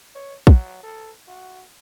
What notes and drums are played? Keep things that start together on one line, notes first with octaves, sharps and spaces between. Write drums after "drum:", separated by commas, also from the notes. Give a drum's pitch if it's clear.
C#5
F#3, drum: kick
A4
F#4